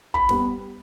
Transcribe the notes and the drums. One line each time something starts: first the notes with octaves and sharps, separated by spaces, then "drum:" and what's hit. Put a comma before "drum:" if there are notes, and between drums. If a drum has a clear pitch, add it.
B5, drum: kick
G3 B3, drum: snare